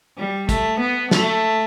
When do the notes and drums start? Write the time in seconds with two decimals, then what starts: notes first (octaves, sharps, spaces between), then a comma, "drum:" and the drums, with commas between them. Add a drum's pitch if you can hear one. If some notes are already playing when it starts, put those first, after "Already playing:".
0.18 G3
0.49 A3, drum: kick, hi-hat
0.80 B3
1.11 A3, drum: snare